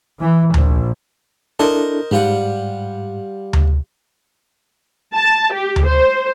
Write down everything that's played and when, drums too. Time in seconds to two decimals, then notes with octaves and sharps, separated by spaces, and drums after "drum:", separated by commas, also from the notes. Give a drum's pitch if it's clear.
0.19 E3
0.54 A#1, drum: tom D2
1.59 D4 E4 A4 A#4 C5 D#5
2.11 G#2 G3 F4 F#5
3.53 drum: tom D2
5.14 A5
5.53 G4
5.76 drum: tom D2
5.87 C5